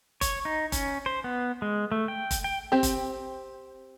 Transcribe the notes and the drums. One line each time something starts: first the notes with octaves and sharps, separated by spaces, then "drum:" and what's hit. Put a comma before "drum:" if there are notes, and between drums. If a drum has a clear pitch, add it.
C#5, drum: kick, hi-hat
D#4
C#4, drum: kick, hi-hat
C5
B3
G#3
A3
G5
drum: kick, hi-hat
G5
C4 G4
drum: kick, hi-hat